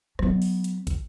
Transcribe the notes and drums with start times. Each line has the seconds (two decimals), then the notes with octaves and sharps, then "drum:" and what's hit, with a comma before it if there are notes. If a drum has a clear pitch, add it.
0.19 F#3 B3, drum: rim click
0.42 drum: open hi-hat
0.64 drum: hi-hat
0.87 drum: kick, hi-hat